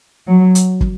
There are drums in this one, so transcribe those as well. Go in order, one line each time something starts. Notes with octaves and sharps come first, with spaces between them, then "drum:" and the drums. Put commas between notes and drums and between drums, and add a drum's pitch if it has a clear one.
F#3
drum: hi-hat
drum: kick